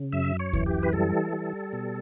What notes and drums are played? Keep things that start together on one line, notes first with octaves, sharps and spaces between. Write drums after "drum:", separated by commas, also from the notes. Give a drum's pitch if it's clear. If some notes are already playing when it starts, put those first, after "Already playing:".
Already playing: C#3
F#2 E5
C#5
E3, drum: kick D2
G4
B4
G3 A4
G3
B2